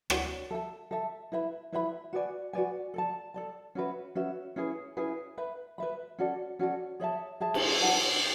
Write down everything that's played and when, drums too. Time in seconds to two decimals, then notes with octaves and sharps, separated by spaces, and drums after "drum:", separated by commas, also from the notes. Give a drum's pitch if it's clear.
0.10 D4 F#4 C#5, drum: rim click
0.51 A4 E5 A5
0.91 A4 E5 A5
1.32 E4 B4 E5 B5
1.72 E4 B4 E5 B5
2.13 F#4 B4 D5 G#5
2.53 F#4 B4 D5 G#5
2.94 A4 D5 A5
3.34 A4 D5 A5
3.75 C#4 F#4 B4 E5
4.15 C#4 F#4 B4 E5
4.56 C#4 E4 G#4 B4
4.97 C#4 E4 G#4 B4
5.38 B4 E5 B5
5.78 B4 E5 B5
6.18 C#4 F#4 A4 D5
6.59 C#4 F#4 A4 D5
7.00 G#4 C#5 E5 A5
7.40 G#4 C#5 E5 A5
7.54 drum: cymbal
7.81 F#4 C#5 F#5 A5